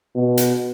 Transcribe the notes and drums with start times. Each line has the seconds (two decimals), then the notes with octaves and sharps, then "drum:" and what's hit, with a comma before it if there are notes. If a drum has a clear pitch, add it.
0.15 B2
0.37 drum: hi-hat